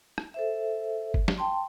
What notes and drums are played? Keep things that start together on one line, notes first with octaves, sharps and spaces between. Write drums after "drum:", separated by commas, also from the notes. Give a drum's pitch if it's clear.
drum: rim click
A4 C5 E5
drum: kick F#1
drum: snare
G5 A5 C6